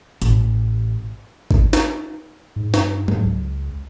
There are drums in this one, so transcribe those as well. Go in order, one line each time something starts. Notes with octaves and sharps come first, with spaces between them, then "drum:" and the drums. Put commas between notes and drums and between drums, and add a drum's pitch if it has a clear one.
A1, drum: hi-hat
drum: kick
drum: snare
G#2
G2, drum: snare
G#2, drum: tom F#3
C#2